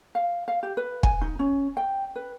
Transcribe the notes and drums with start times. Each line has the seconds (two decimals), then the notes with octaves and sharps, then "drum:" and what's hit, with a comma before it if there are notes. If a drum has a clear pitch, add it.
0.15 F5
0.48 F5
0.63 G4
0.77 B4
1.03 G#5, drum: kick
1.21 D#4
1.39 C#4
1.77 G5
2.16 B4